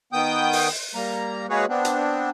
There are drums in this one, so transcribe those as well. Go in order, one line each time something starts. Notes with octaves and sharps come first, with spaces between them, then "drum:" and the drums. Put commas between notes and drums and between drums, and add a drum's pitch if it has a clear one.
D#3 B3 G5 D#6 G6
drum: open hi-hat
G3 A#3 A#5
G#3 A#3 F#4 G#4 B4 C#5
B3 C4 D4
drum: hi-hat